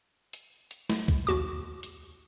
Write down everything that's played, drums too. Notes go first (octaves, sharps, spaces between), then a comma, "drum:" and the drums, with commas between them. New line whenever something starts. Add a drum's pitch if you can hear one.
drum: hi-hat
drum: hi-hat
drum: snare
drum: kick C2
D#2 F#4 D6
drum: hi-hat